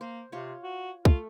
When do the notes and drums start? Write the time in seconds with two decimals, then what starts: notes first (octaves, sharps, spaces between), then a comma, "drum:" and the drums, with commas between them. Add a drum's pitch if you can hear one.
0.01 A#3 C5
0.32 C3 F4 C#5
0.63 F#4
1.05 A3 F4, drum: kick